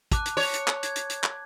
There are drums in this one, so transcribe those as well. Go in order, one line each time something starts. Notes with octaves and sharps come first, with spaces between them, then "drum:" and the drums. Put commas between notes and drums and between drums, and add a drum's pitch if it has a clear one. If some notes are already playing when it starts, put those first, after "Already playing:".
A5 D6 F#6, drum: kick, hi-hat
drum: hi-hat
C#5, drum: open hi-hat
drum: hi-hat
drum: clap
G#6, drum: hi-hat
drum: hi-hat
drum: hi-hat
drum: clap